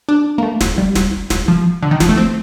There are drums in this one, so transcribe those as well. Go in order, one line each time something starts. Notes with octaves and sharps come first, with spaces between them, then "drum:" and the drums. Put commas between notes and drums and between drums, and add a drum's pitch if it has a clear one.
D4
A#3
A3
drum: snare
G3
drum: snare
drum: snare
F3
D3
D#3
F3, drum: snare
A3
C4